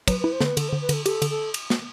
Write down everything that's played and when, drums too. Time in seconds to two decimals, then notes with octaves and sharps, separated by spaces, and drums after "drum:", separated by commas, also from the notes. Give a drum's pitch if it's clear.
0.08 F#3 B4, drum: kick, cymbal
0.20 E4 B4
0.32 C5
0.40 D3 B4, drum: snare
0.57 D3 A4, drum: cymbal
0.69 D3 C5
0.81 B4
0.89 D3 A4, drum: cymbal
1.06 G4 A4, drum: cymbal
1.22 D3, drum: cymbal
1.30 A4
1.54 drum: cymbal
1.70 drum: snare